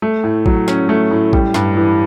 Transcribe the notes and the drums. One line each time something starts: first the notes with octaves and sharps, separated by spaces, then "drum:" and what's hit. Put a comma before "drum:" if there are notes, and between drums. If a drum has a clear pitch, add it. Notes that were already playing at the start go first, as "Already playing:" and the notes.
A3
A2
F#3, drum: kick
C#4, drum: snare
A3
A2
G3, drum: kick
G2, drum: snare
E3